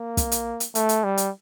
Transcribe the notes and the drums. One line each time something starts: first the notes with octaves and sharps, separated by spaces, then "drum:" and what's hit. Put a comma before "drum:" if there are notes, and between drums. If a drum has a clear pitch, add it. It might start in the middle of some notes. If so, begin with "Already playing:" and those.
Already playing: A#3
drum: kick, hi-hat
drum: hi-hat
drum: hi-hat
A3, drum: hi-hat
drum: hi-hat
G3
drum: hi-hat